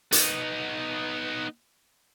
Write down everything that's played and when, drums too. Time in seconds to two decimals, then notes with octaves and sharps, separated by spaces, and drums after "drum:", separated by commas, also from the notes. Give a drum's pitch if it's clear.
0.12 B3 D#4, drum: hi-hat